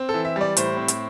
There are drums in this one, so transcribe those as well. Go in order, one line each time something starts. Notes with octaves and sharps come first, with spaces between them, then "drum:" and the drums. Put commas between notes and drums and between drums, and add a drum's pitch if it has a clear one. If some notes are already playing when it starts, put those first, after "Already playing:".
Already playing: C4
A4
E3
E5
G3 D5
A2 C5, drum: hi-hat
C4
drum: hi-hat